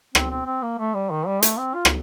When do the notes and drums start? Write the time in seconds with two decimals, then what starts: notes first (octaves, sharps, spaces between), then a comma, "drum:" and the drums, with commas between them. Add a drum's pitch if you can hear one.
0.15 C4, drum: rim click
0.31 C4
0.46 C4
0.63 A#3
0.79 A3
0.95 G3
1.11 D#3
1.26 G3
1.42 A3, drum: hi-hat
1.58 C4
1.74 F4
1.85 drum: rim click